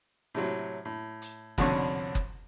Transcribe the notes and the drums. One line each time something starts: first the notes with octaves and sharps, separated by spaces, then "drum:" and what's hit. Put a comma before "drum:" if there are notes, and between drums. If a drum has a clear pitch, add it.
A2 C3 F#3
A2
drum: hi-hat
C2 F2 B2 D3 C#4 C#6, drum: kick F#1
drum: kick F#1